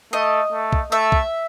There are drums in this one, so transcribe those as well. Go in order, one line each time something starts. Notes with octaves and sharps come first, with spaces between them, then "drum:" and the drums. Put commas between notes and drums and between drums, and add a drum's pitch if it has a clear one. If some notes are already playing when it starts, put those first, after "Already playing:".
A3 D#5
A3
drum: kick
A3 E5
drum: kick